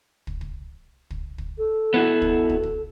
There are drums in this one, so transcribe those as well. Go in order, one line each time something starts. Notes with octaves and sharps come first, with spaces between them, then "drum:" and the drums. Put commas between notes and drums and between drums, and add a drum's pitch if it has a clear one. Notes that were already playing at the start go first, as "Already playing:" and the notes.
drum: kick
drum: kick
drum: kick
drum: kick
A4
B3 E4 F#4
drum: kick
drum: kick
drum: kick